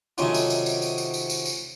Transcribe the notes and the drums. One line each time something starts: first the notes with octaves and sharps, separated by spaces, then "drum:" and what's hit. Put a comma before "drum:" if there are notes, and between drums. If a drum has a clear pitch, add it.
C3 D#3 F#3 A3 C#4 F4, drum: tambourine
drum: tambourine
drum: tambourine
drum: tambourine
drum: tambourine
drum: tambourine
drum: tambourine
drum: tambourine
drum: tambourine